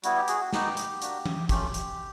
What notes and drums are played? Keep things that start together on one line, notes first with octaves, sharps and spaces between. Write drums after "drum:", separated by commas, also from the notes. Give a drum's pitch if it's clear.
G3 B3 E4 F#4, drum: hi-hat
G4
F#4 G#4, drum: hi-hat
F#4
B3 D#4 F#4 G4, drum: snare
drum: hi-hat
A#3 D4 F#4, drum: hi-hat
drum: tom E3
A3 C#4 F4 G4, drum: kick, hi-hat
drum: hi-hat